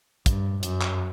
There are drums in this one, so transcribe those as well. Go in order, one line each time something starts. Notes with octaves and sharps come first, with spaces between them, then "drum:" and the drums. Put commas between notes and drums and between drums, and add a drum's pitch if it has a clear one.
G2, drum: kick, hi-hat
F#2, drum: hi-hat
drum: clap